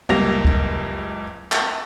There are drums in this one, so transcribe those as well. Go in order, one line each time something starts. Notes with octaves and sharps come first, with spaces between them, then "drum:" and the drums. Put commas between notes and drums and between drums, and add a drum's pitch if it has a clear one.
F#1 C#2 G3 A#3 A#6 F7
drum: kick
drum: clap